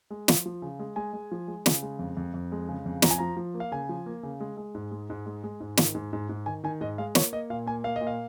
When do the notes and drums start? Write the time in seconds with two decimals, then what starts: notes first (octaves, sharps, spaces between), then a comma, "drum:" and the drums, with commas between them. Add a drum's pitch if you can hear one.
0.10 G#3
0.28 F3, drum: snare
0.46 F3
0.62 C#3
0.79 G#3
0.96 G#3 G#5
1.13 G#3
1.32 F3
1.48 G#3
1.66 C#3, drum: snare
1.83 G#3
1.99 F2
2.17 F2
2.34 F2
2.52 G#3
2.69 C#3
2.86 F2
3.02 F3 A#5, drum: snare
3.11 G#5
3.18 F3 A#5
3.37 F3
3.54 A#3
3.60 F5
3.72 C#3 G#5
3.89 F3
4.06 A#3
4.23 C#3
4.40 G#3
4.57 G#3
4.75 G#2
4.92 G#3
5.10 G#2
5.26 G#3
5.44 G#3
5.60 G#2
5.77 D#3, drum: snare
5.95 G#2
6.13 G#2
6.29 G#2
6.46 D#3 G#5
6.64 D#3 G#5
6.81 G#2 D#5
6.98 G#3 F5
7.15 A#3 C#5, drum: snare
7.33 A#3 D#5
7.50 A#2 F5
7.66 A#3 G#5
7.84 A#3 F5
7.96 D#5
8.01 A#2
8.07 F5